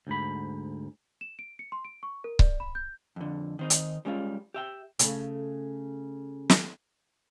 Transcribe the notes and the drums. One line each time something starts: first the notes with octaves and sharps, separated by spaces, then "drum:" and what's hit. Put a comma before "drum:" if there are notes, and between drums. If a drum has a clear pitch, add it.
D2 G#2 B5
E7
D7
C#7
C6
D7
C#6
A#4
D5, drum: kick C#1
B5
G6
F2 D3
D#3 C4 D#4
drum: hi-hat
G3 G#3 C#4 D4 F4
G4 E5 G5
C#3 A3, drum: hi-hat
drum: snare